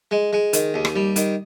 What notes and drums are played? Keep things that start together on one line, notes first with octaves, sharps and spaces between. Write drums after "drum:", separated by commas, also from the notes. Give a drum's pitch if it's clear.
G#3
G#3
D#3, drum: hi-hat
D#2
drum: rim click
G3
D#3, drum: hi-hat